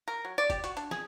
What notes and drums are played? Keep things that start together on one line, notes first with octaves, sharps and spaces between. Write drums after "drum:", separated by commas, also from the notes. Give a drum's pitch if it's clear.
A#4
F#3
D5
G4, drum: kick, hi-hat
F#4, drum: hi-hat
D4, drum: hi-hat
G#4, drum: snare